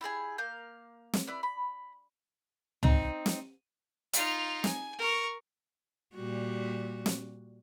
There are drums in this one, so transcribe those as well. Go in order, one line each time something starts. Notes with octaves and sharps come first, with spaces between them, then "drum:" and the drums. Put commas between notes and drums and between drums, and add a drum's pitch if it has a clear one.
E4 G4 G#4 G#5
A#3 F5 G6
drum: snare
E4 B4 D5
B5
C4 D#4, drum: tom C#2
drum: snare
D#4 F4, drum: hi-hat
G#5, drum: snare
A#4 C#6
A#2 G3 F#4
drum: snare